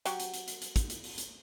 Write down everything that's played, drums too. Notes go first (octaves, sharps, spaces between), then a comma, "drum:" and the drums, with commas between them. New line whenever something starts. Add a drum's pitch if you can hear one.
F#3 F#4 G4, drum: hi-hat
drum: hi-hat
drum: hi-hat
drum: hi-hat
drum: hi-hat
drum: kick, hi-hat
drum: hi-hat
drum: open hi-hat
drum: hi-hat